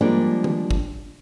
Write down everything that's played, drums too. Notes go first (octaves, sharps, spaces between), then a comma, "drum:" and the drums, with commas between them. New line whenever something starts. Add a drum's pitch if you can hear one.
F3 G3 G#3 A#3 D4
drum: tom D#3
drum: kick